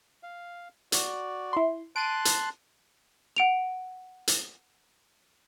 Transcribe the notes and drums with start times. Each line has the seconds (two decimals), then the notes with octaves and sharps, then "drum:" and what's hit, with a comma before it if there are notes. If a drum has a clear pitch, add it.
0.23 F5
0.92 F#4 D5, drum: hi-hat
1.53 E4 C6
1.96 A5 C6 F#6 D7 D#7
2.25 drum: hi-hat
3.37 F#5 D7 F7
4.28 drum: hi-hat